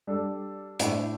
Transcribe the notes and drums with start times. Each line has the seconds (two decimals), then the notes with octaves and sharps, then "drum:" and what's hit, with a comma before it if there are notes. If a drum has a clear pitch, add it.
0.07 G3 D4 A4
0.80 A2 A3 D4, drum: hi-hat